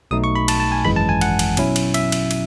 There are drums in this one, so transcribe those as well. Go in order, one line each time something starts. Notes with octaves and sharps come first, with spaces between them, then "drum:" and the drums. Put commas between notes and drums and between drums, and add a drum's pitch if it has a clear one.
B1 B2 A3 D#4 D#6
C#6
B5
A5, drum: cymbal
A5
G#5
G#1 F#2 E3 G#3 B5
A5
G#5
F#5, drum: cymbal
drum: cymbal
B2 F#3 C#4 E4, drum: cymbal
drum: cymbal
E5, drum: cymbal
drum: cymbal
drum: cymbal